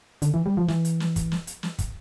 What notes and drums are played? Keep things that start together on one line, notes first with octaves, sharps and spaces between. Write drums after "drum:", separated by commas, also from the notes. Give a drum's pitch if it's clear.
D3, drum: hi-hat
E3
G3
F3
E3, drum: snare
drum: hi-hat
drum: snare
drum: kick, hi-hat
drum: snare
drum: hi-hat
drum: snare
drum: kick, hi-hat